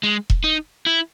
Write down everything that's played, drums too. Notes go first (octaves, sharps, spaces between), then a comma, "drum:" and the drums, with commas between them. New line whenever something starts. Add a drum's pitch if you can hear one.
G#3
drum: kick E1
D#4
E4